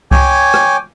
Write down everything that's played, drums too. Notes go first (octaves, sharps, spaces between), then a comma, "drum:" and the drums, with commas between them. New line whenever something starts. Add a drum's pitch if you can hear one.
C#5 G5 G#5 D6, drum: kick C2
drum: rim click